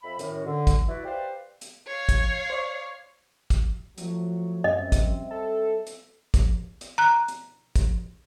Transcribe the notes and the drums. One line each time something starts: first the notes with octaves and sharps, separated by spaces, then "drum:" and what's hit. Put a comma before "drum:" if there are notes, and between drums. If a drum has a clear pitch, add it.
F2 E5 B5
F#2 A2 D#3 C#4 F#4, drum: hi-hat
D3
drum: kick, hi-hat
E4 F#4 B4 D5
G4 B4 C5 D5 F5
drum: hi-hat
C#5 F5
drum: kick, hi-hat
C5 D5 C#6
drum: kick, hi-hat
F3 F#3 A3, drum: hi-hat
F#2 G3 C4 D#5 E5
drum: kick, hi-hat
A4
drum: hi-hat
drum: kick, hi-hat
drum: hi-hat
A#5 F#6
drum: hi-hat
drum: kick, hi-hat